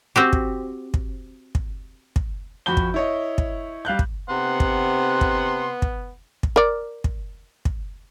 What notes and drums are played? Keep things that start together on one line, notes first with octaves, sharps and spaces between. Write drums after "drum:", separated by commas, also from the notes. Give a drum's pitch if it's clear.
C4 F#4 G4
drum: kick
drum: kick
drum: kick
drum: kick
F2 F#4 B5 G6 G7
drum: kick
E4 C#5 D#5
drum: kick
G3 F5 F#6 G6
drum: kick
C3 B3 F#5 C6
drum: kick
drum: kick
drum: kick
drum: kick
A#4 D5
drum: kick
drum: kick